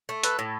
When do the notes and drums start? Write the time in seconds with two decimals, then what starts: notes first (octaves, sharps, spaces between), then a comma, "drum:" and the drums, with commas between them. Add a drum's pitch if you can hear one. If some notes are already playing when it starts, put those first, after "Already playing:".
0.09 A3
0.23 A4 B4, drum: hi-hat
0.39 A2